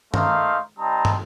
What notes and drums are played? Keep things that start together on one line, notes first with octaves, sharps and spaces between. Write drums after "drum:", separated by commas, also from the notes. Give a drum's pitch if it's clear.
A3 A#3 D#4 C5 E5 F5, drum: tom
G3 C4 D#4 A5 A#5 D#6
drum: tom